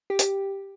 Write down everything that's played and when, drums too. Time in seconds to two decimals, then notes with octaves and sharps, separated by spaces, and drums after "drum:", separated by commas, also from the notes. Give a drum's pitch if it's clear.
0.10 G4
0.19 drum: hi-hat